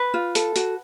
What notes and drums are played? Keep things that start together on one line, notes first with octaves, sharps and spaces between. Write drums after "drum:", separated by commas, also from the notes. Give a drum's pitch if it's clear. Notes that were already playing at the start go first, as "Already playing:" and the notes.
Already playing: B4
F4
A4, drum: hi-hat
F#4, drum: hi-hat